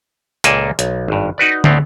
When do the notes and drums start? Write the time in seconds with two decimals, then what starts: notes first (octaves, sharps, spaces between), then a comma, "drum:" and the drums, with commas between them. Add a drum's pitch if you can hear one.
0.44 C#2 A#2 A#3 A4 D5 G#5, drum: hi-hat
0.79 B1, drum: hi-hat
1.08 G#1 G2
1.38 D#4 F#4 B4 D5
1.64 D2 A2 B3 C4, drum: tom